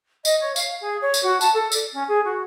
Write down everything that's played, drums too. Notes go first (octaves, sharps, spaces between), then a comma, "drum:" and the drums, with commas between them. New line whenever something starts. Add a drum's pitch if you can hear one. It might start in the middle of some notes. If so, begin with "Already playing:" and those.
D#5, drum: tambourine
C#5
F5, drum: tambourine
G#4
C#5
drum: tambourine
F#4
A5, drum: tambourine
A4
D5, drum: tambourine
C#4
G#4
F#4